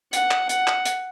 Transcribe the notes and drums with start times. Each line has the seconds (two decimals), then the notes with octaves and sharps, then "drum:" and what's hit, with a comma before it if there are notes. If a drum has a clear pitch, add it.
0.13 F#5, drum: hi-hat
0.31 drum: clap
0.49 F#5, drum: hi-hat
0.67 drum: clap
0.85 drum: hi-hat